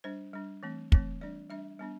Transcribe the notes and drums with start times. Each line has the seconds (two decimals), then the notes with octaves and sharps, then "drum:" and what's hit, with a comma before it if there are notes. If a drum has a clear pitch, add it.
0.04 G3 D4 C5
0.33 G3 D4
0.63 E3 A3 C4
0.92 E3 A3 C4, drum: kick
1.21 G3 D4 D5
1.50 G3 D4 E5
1.79 G3 B3 D4